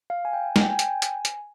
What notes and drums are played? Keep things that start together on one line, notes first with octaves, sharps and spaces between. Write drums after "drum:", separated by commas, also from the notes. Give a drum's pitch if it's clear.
F5
G#5
G5
G#5, drum: snare
G5
G#5
G5, drum: hi-hat
G#5, drum: hi-hat
drum: hi-hat